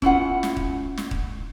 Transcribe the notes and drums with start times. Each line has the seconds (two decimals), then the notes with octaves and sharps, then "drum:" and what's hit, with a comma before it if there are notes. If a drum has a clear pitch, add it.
0.02 C#4 E4 F4 F#5, drum: kick D#1
0.43 drum: snare
0.57 drum: kick D#1
0.97 drum: snare
1.11 drum: kick D#1